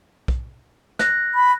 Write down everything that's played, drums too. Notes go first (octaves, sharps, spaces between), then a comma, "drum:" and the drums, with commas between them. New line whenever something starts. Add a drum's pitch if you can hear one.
drum: kick B1
F#6 A#6, drum: snare
B5